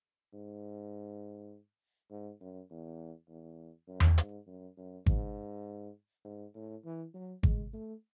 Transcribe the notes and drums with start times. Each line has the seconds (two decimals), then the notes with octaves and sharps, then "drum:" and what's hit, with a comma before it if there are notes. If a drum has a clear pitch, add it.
0.33 G#2
2.11 G#2
2.41 F#2
2.70 E2
3.29 E2
3.88 F#2
4.00 drum: tom E2
4.18 G#2, drum: hi-hat
4.47 F#2
4.77 F#2
5.06 G#2, drum: kick G#1
6.25 G#2
6.55 A2
6.85 E3
7.14 F#3
7.43 G#3, drum: kick G#1
7.73 A3